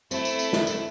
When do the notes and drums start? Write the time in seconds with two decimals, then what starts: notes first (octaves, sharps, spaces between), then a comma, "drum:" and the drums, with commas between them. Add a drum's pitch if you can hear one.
0.11 A3 C4 E4 A4, drum: tambourine
0.25 drum: tambourine
0.39 drum: tambourine
0.53 drum: snare
0.67 drum: tambourine